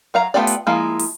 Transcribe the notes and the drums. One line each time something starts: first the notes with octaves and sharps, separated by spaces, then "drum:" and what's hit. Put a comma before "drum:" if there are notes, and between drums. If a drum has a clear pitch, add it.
F#3 F5 A#5
A3 B3 F4 G4 D5
drum: hi-hat
F3 G#3 A#3 E4
drum: open hi-hat